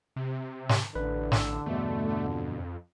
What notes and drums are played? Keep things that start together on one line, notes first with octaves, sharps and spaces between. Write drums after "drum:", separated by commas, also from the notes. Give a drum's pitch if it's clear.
C3
drum: snare
A1 D3 B4
E6, drum: snare
E2 G2 B2 A3
F2